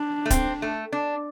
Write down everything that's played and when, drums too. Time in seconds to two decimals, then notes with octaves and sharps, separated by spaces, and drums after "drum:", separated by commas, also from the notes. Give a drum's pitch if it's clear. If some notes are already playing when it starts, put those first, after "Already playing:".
Already playing: D4
0.26 A3
0.30 C4, drum: kick D1, hi-hat
0.62 A3
0.93 D4